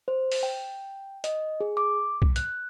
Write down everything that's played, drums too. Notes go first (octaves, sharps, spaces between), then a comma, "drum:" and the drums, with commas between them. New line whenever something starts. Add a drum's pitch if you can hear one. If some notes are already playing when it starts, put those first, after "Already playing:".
C5
drum: open hi-hat
G5
D#5, drum: hi-hat
G#4
D6
drum: kick C2
F#6, drum: hi-hat